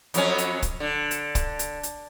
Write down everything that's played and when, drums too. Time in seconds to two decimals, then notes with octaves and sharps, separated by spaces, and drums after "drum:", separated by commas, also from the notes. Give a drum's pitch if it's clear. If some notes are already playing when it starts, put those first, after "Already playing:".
0.14 F2 F#3 C#4, drum: hi-hat
0.38 drum: hi-hat
0.62 drum: kick, hi-hat
0.80 D3
1.11 drum: hi-hat
1.35 drum: kick, hi-hat
1.59 drum: hi-hat
1.83 drum: hi-hat